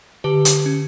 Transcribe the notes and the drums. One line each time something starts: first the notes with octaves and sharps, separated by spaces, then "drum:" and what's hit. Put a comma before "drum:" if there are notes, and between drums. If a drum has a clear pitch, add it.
D3 G4 B4
drum: hi-hat
C#4